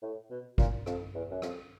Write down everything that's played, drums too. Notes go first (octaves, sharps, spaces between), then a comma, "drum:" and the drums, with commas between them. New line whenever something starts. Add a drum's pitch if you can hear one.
A2
B2
A#2, drum: kick
F2, drum: rim click
E2
F#2
F2, drum: rim click